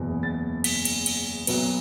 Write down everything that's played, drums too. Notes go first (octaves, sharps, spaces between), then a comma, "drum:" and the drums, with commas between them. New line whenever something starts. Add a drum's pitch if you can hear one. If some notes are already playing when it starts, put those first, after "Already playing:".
Already playing: F#1 E2 B2
A6
B6, drum: cymbal
drum: cymbal
drum: cymbal
B1 B2 F#3 B3, drum: cymbal